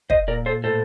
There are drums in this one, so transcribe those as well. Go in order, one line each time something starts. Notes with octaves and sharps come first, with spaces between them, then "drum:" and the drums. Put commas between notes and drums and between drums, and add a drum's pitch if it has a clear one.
C5 D#5, drum: kick
A#2 A#4 D5
A4 C5
A2 A4 C5